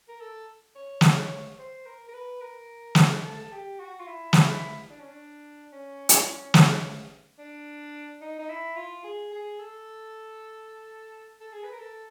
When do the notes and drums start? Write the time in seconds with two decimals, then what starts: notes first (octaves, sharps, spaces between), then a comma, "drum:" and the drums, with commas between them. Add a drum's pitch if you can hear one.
0.08 A#4
0.21 A4
0.76 C#5
1.01 drum: snare
1.59 C5
1.86 A#4
2.09 A#4
2.14 B4
2.41 A#4
2.95 drum: snare
3.24 A4
3.52 G4
3.79 F#4
4.00 F4
4.07 E4
4.33 drum: snare
4.90 D4
4.99 C#4
5.07 D4
5.73 C#4
6.09 drum: hi-hat
6.54 drum: snare
7.39 D4
8.21 D#4
8.39 D#4
8.49 E4
8.76 F4
9.04 G#4
9.32 G#4
9.59 A4
11.41 A4
11.53 G#4
11.64 B4
11.73 A#4
11.80 A4